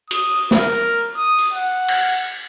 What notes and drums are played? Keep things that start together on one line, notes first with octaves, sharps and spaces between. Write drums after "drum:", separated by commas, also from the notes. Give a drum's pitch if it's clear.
D#6, drum: cymbal
A#4, drum: snare
D#6
drum: open hi-hat
F#5
drum: cymbal